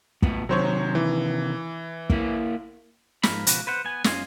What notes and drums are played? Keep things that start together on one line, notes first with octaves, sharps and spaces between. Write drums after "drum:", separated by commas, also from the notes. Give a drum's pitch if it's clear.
A2 B3, drum: kick
C3 D#3 F#3 C5 C#5
E3
A#3 E4, drum: kick
G#2 F3 A#4 B5, drum: snare
C#2 B2 F3 F#4 G4 B4, drum: hi-hat
B4 C5 F#5
B3 G#5
F#2 C#4 F4 D#5 G#5 C6, drum: snare